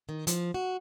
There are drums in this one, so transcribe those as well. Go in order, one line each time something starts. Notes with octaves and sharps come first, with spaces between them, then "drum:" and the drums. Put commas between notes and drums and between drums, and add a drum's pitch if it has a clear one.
D#3
F3, drum: hi-hat
F#4